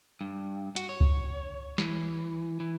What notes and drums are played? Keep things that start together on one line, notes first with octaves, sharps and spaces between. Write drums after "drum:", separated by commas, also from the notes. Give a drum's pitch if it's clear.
G2
F#4, drum: hi-hat
C#5
drum: kick C#2
E3, drum: snare
E3